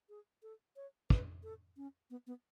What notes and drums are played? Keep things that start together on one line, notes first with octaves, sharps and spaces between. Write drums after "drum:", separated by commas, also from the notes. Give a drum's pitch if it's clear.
G#4
A4
C#5
B4, drum: kick
A4
C#4
B3
B3